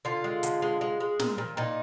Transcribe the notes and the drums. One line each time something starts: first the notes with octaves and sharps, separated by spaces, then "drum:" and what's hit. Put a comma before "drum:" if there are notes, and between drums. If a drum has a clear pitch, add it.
D3 F4
G#3
D3, drum: hi-hat
G#3
G#3
G#3
A#2, drum: snare
A#2
A#2 D#4